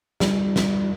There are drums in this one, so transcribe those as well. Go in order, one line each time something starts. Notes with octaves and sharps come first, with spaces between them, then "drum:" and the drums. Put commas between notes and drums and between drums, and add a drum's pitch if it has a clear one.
G3, drum: snare
drum: snare